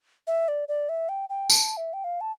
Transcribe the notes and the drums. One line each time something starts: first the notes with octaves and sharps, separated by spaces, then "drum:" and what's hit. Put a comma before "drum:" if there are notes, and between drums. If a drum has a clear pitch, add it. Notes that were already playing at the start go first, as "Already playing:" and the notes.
E5
D5
D5
E5
G5
G5
A5, drum: tambourine
E5
G5
F5
A5